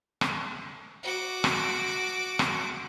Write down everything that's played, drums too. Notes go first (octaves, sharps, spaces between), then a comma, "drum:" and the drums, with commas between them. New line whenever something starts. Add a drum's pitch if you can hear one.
drum: rim click
F#4 D6
drum: rim click
drum: rim click